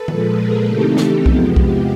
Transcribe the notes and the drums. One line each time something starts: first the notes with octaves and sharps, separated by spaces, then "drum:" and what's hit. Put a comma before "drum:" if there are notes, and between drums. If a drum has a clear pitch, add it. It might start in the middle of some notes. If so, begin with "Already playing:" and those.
Already playing: A4 B4
A#2 F3 G#3, drum: tom D#3
G#4 A#4
C#3 E3 A3 C4 D#4 G4 A4
drum: snare
E2 C3 F3 G#3 B3, drum: kick B1
G4, drum: kick B1